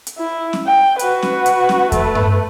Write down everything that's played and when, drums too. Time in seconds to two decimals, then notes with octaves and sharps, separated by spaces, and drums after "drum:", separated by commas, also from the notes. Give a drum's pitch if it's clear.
0.07 drum: hi-hat
0.18 E4
0.53 drum: snare
0.66 G5
0.99 F#4 B4, drum: hi-hat
1.22 drum: snare
1.46 drum: hi-hat
1.69 drum: snare
1.92 A3 B4, drum: kick E2, hi-hat
2.15 drum: tom G2